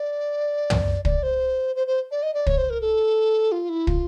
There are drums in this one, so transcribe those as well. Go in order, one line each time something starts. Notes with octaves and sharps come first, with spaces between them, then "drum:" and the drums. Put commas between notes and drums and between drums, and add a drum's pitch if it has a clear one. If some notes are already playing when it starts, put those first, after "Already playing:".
Already playing: D5
drum: tom
D5, drum: kick
C5
C5
C5
D5
D#5
D5
C#5, drum: kick
C5
A#4
A4
F4
E4
F4, drum: kick